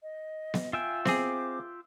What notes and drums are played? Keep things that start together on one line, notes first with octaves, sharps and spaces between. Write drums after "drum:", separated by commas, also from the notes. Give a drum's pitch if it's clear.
D#5
drum: snare B3
F4 E5 G5 G#5
C4 G#4 D6, drum: snare B3